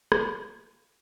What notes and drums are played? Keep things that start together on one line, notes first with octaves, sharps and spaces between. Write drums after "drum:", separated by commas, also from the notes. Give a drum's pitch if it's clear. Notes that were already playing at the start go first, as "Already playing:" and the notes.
D#2 F4 G4 G#5 C#6 D#6, drum: rim click